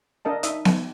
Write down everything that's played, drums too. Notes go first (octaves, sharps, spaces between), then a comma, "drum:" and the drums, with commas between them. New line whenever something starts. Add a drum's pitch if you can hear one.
D4 A#4 D#5 A5
D#4 E5 D#6, drum: hi-hat
drum: snare B3